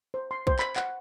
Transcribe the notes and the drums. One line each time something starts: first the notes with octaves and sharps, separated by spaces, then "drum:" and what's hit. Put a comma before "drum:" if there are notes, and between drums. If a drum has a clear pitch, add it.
C5
C6
C5, drum: kick
B5, drum: clap
F#5, drum: clap